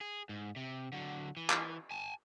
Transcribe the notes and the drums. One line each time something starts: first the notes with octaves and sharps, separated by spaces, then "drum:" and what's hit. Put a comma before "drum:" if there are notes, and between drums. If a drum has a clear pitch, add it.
G#4
G#2
C3
D3 F#3
E3
drum: clap
G#5 A5